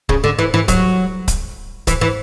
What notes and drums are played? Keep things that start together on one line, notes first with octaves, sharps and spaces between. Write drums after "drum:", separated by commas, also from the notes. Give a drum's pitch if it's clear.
C#3, drum: kick C#1
D3
E3
E3
F#3, drum: kick C#1, hi-hat
drum: kick C#1, hi-hat
E3, drum: kick C#1, hi-hat
E3